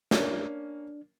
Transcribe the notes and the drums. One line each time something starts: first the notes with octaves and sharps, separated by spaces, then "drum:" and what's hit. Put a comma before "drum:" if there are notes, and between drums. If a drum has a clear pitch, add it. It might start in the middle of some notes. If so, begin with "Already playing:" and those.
A#3 C#4 D4, drum: snare